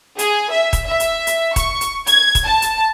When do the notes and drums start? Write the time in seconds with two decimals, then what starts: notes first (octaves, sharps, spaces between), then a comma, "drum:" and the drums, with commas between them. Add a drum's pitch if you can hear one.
0.19 G#4, drum: hi-hat
0.52 E5
0.73 drum: kick D#1, hi-hat
0.87 E5
1.00 drum: hi-hat
1.27 drum: hi-hat
1.56 C#6, drum: kick D#1, hi-hat
1.81 drum: hi-hat
2.07 G#6, drum: hi-hat
2.35 drum: kick D#1, hi-hat
2.45 A5
2.62 drum: hi-hat